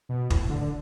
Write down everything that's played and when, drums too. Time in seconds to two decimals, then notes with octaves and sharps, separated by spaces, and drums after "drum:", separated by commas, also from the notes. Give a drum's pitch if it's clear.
0.09 B2
0.30 A2, drum: kick
0.50 D3
0.61 D3